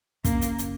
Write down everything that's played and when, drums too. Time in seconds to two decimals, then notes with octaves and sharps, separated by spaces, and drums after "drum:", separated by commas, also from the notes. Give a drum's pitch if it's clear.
0.25 F#1 A#3, drum: kick, hi-hat
0.41 drum: hi-hat
0.58 drum: hi-hat